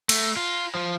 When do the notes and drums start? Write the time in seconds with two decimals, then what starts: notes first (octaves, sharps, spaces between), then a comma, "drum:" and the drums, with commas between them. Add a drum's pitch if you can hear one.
0.09 A3, drum: cymbal
0.36 F4
0.75 F3 F4